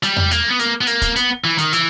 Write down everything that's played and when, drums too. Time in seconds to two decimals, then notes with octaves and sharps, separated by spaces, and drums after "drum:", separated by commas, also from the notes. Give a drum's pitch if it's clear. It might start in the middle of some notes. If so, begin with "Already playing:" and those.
0.03 G3, drum: hi-hat
0.16 drum: tom E2
0.31 A#3, drum: hi-hat
0.50 B3
0.59 A#3, drum: hi-hat
0.81 B3
0.87 A#3, drum: hi-hat
1.02 drum: kick, hi-hat
1.16 B3, drum: hi-hat
1.44 E3
1.58 D#3, drum: hi-hat
1.73 E3, drum: hi-hat